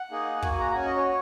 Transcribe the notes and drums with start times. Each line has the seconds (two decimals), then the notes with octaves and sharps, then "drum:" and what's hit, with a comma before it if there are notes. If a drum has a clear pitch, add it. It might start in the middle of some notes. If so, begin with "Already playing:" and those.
Already playing: F#5
0.11 A#3 D#4 G#4
0.42 A#3 F#4 G#5, drum: kick
0.53 G#5
0.59 A#5
0.71 A#5
0.75 C#4 F#4 G#5
0.85 D#5
0.96 C#5